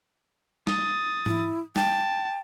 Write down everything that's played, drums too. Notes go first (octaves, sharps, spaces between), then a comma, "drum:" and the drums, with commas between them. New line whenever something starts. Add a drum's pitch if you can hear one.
D#6 A6, drum: snare
E4, drum: tom G#2
G5 A5, drum: snare